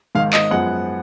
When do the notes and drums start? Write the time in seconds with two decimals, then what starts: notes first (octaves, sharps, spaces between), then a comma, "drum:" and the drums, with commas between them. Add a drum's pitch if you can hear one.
0.15 G#1 G#2 D#3 F5
0.33 D#5, drum: clap
0.51 F#2 F3 G#3 B3 F#5